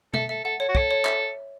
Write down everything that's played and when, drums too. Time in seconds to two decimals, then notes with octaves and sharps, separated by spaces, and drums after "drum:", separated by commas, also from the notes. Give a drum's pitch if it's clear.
0.13 A4 E5, drum: tom
0.29 A4 E5
0.44 A4 F#5
0.60 A4 C#5
0.69 F#4
0.75 A4 C#5, drum: kick
0.91 C#5
1.05 E5, drum: clap